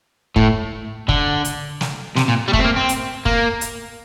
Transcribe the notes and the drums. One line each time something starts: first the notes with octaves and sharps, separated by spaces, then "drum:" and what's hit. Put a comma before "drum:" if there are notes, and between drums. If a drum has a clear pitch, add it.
A2, drum: kick
D3, drum: kick
drum: hi-hat
drum: snare
C3, drum: snare
A#2
G3
A3, drum: kick
C4
A#3
C4
drum: hi-hat
A#3, drum: kick
drum: hi-hat